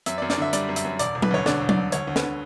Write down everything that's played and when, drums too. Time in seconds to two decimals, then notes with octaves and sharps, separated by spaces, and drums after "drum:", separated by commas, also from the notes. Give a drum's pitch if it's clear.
0.06 F#2 E5, drum: hi-hat
0.18 D5
0.22 F#2
0.30 D5, drum: snare
0.38 D3 E5
0.53 G3 D5, drum: hi-hat
0.69 F#2
0.76 E5, drum: hi-hat
0.85 F#2
0.99 E1 D5, drum: hi-hat
1.15 E1
1.22 B4, drum: tom F#3
1.31 D2 C#5
1.46 D3 D5, drum: snare
1.62 E1
1.69 D5, drum: tom F#3
1.77 E1
1.92 D2 C#5, drum: hi-hat
2.07 D2
2.16 B4, drum: snare
2.23 D3